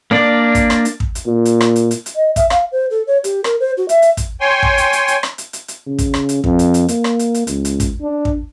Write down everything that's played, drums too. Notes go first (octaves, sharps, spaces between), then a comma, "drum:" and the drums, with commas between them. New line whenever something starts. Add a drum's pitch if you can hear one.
A#3 D4 D5
drum: kick, hi-hat
drum: rim click
drum: hi-hat
drum: kick
drum: hi-hat
A#2
drum: hi-hat
drum: rim click
drum: hi-hat
drum: hi-hat
drum: hi-hat
D#5
E5, drum: kick, hi-hat
F5, drum: rim click
C5
A4
C#5
G4, drum: hi-hat
A#4, drum: rim click
C5
F#4
E5, drum: hi-hat
drum: hi-hat
drum: kick, hi-hat
C#5 G5 G#5 C6
drum: kick
drum: hi-hat
drum: hi-hat
drum: hi-hat
drum: rim click
drum: hi-hat
drum: hi-hat
drum: hi-hat
C#3
drum: kick, hi-hat
drum: rim click
drum: hi-hat
F2, drum: kick
drum: hi-hat
drum: hi-hat
A#3, drum: hi-hat
drum: rim click
drum: hi-hat
drum: hi-hat
C#2, drum: hi-hat
drum: hi-hat
drum: kick, hi-hat
D4
drum: kick